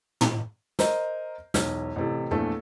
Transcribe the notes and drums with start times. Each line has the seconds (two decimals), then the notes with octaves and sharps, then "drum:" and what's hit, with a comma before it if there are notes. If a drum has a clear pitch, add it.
0.21 drum: tom
0.79 A#4 C5 D#5, drum: snare
1.54 E1 B1 F6 G#6, drum: snare
1.96 A1 C3 A4
2.31 A#1 E2 A3 D4 A4